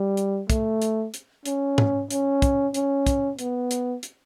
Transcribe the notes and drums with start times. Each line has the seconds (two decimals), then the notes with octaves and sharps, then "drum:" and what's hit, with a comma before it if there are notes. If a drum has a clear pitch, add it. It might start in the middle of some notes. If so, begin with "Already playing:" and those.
Already playing: G3
0.17 drum: hi-hat
0.50 A3, drum: kick, hi-hat
0.82 drum: hi-hat
1.14 drum: hi-hat
1.46 C#4, drum: hi-hat
1.78 drum: tom
2.11 C#4, drum: hi-hat
2.42 drum: kick, hi-hat
2.74 C#4, drum: hi-hat
3.06 drum: kick, hi-hat
3.39 B3, drum: hi-hat
3.71 drum: hi-hat
4.03 drum: hi-hat